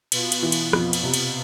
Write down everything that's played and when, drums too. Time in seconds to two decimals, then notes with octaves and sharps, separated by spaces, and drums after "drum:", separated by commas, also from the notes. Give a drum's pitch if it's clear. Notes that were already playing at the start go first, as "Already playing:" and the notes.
0.12 B2 B3 F4, drum: cymbal
0.32 drum: cymbal
0.43 E3
0.52 drum: cymbal
0.73 F2, drum: rim click
0.93 drum: cymbal
1.03 C3
1.14 drum: cymbal